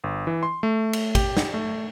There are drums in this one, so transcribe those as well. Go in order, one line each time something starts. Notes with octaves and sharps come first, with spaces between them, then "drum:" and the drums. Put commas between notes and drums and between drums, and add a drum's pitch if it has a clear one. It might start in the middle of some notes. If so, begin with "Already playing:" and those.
G1
E3
C6
A3
drum: cymbal
G4, drum: kick, cymbal
drum: snare
A3